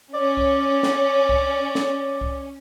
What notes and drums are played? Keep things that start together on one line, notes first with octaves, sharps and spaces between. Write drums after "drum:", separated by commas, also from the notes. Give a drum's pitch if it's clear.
C#4 D5
drum: kick C2
drum: snare
drum: kick C2
drum: snare
drum: kick C2